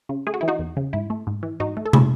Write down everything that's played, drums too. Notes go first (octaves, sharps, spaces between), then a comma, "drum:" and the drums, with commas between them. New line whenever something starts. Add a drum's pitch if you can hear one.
C#3
A3 G#4
F#4
E3 E4
D#4 F#4
E2
C#3
G#2 E4
A3
G#2
E3
G#2 D#4 F#4
A3
A4
E4 G#4, drum: tom